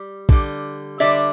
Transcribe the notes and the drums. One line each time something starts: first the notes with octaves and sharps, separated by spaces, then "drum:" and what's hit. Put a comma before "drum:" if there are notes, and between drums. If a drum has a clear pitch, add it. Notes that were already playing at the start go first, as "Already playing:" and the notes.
Already playing: G3
D3 G3, drum: kick
D3 G3 D5 E5